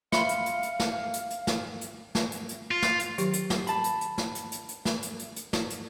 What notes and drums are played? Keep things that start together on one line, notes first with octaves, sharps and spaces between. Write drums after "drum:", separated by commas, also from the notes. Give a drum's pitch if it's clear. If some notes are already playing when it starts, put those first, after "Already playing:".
E5 F5 B5 C6 C#7, drum: snare
drum: hi-hat
drum: hi-hat
drum: hi-hat
drum: snare
drum: hi-hat
drum: hi-hat
drum: snare
drum: hi-hat
drum: snare
drum: hi-hat
drum: hi-hat
F4
drum: snare
drum: hi-hat
D#3 F#3 G4, drum: hi-hat
drum: hi-hat
drum: snare
A5 B5, drum: hi-hat
drum: hi-hat
drum: hi-hat
drum: snare
drum: hi-hat
drum: hi-hat
drum: hi-hat
drum: snare
drum: hi-hat
drum: hi-hat
drum: hi-hat
drum: snare
drum: hi-hat